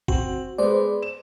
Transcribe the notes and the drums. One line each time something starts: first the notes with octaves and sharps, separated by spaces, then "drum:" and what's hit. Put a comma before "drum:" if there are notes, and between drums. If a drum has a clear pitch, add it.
C4 F#4, drum: kick
G#3 B3 C5 D5
E7